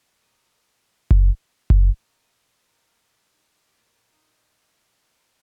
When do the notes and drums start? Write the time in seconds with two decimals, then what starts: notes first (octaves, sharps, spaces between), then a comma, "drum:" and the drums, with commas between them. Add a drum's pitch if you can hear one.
0.21 A#2 G3 A#3 D#5
0.34 F5
0.45 D#5
1.11 drum: kick F#1
1.70 drum: kick F#1
1.98 A#2 A#3 D#5
2.22 D#5
2.44 C5
2.67 A#4
2.88 F4
3.11 G4
3.33 D#4
3.56 F4
3.68 G4
3.78 A#2 A#3 F4
4.12 D#4
4.22 F4
4.67 G4
5.12 A#4
5.20 C5